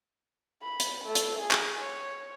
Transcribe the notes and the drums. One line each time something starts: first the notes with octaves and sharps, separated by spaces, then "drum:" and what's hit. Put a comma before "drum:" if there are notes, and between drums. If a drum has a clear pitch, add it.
B5
drum: hi-hat
A3
drum: hi-hat
G#4
drum: clap
C#5